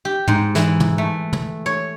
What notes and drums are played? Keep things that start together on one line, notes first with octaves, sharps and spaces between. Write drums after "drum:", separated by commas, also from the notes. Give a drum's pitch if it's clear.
G4
G#2, drum: tom
E3, drum: snare
drum: tom
A3
drum: tom
C#5